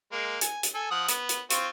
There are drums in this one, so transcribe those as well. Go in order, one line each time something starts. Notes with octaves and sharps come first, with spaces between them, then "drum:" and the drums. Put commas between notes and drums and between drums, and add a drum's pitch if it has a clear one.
G#3 A#3
G#5, drum: hi-hat
drum: hi-hat
A4 G#5
F3 F#5 D#6
B3, drum: hi-hat
drum: hi-hat
C4 F4 C#6, drum: hi-hat